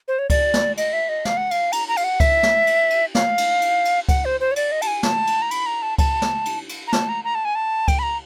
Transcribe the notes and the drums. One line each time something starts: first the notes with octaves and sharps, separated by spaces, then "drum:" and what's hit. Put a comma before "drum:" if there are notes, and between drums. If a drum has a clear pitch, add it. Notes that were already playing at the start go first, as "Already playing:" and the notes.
C5
C#5
D5, drum: kick C#2, cymbal
drum: snare
D#5, drum: cymbal
E5
D#5
F5, drum: snare
F#5
F5, drum: cymbal
A#5, drum: cymbal
A#5
F5, drum: cymbal
F#5
E5, drum: kick C#2, cymbal
drum: snare
drum: cymbal
drum: cymbal
F5, drum: snare
drum: cymbal
drum: cymbal
drum: cymbal
F#5, drum: kick C#2, cymbal
C5
C5
C#5
D5, drum: cymbal
D#5
A5, drum: cymbal
G#5
A5, drum: snare
drum: cymbal
A#5
B5, drum: cymbal
A#5
A5
A5, drum: kick C#2, cymbal
drum: snare
drum: cymbal
drum: cymbal
A#5
A5, drum: snare
A#5
A#5
A5
G#5
A5
G5, drum: kick C#2, cymbal
B5
A#5